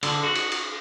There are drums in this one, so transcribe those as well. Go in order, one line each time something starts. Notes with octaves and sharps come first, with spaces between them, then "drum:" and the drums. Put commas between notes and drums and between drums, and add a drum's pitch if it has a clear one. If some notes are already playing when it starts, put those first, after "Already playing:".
D3, drum: cymbal
F#4
drum: cymbal
drum: cymbal